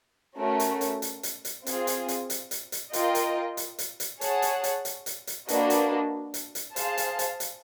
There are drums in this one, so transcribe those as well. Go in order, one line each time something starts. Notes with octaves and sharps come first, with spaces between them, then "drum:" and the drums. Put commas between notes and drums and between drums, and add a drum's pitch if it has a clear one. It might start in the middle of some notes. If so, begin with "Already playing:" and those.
A3 C#4 F#4 A#4
drum: hi-hat
drum: hi-hat
drum: hi-hat
drum: hi-hat
drum: hi-hat
C4 F4 G#4, drum: hi-hat
drum: hi-hat
drum: hi-hat
drum: hi-hat
drum: hi-hat
drum: hi-hat
F4 A#4 D#5 G5, drum: hi-hat
drum: hi-hat
drum: hi-hat
drum: hi-hat
drum: hi-hat
G#4 C#5 F#5 A5, drum: hi-hat
drum: hi-hat
drum: hi-hat
drum: hi-hat
drum: hi-hat
drum: hi-hat
A#3 D4 F#4 B4 D#5, drum: hi-hat
drum: hi-hat
drum: hi-hat
drum: hi-hat
G#4 C5 F5 A5, drum: hi-hat
drum: hi-hat
drum: hi-hat
drum: hi-hat